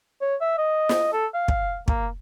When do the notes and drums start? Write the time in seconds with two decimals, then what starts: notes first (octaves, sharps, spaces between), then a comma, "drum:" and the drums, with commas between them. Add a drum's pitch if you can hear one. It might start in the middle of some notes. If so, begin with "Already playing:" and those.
0.21 C#5
0.41 E5
0.58 D#5
0.89 drum: snare
1.13 A4
1.34 F5
1.48 drum: kick
1.88 A#3, drum: kick